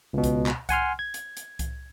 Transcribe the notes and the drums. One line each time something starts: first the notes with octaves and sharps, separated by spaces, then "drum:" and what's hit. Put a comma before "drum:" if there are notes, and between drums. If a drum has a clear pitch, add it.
C#2 B2
drum: kick C2, hi-hat
drum: clap
F#5 G#5 C6 F6, drum: kick C2, hi-hat
G#6
drum: hi-hat
drum: hi-hat
drum: kick C2, hi-hat